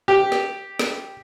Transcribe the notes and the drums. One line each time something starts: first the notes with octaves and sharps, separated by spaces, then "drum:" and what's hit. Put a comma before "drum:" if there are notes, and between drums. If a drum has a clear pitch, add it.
G4
drum: snare
drum: snare